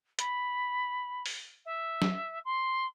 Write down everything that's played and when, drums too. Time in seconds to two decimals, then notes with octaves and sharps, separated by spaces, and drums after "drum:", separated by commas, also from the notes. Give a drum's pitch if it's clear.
0.19 B5, drum: hi-hat
1.26 drum: open hi-hat
1.65 E5
2.02 drum: snare
2.45 C6